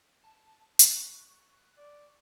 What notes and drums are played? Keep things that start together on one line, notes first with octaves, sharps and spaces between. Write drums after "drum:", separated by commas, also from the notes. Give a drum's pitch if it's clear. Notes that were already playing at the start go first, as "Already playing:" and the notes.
A5
drum: hi-hat
C#6 F#6
D5